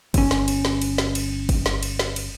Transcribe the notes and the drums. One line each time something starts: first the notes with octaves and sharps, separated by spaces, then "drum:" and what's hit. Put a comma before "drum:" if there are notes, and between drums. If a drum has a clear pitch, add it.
G1 C#4, drum: kick, cymbal
drum: snare
drum: cymbal
drum: snare
drum: cymbal
drum: snare
drum: cymbal
drum: kick, cymbal
drum: snare
drum: cymbal
drum: snare
drum: cymbal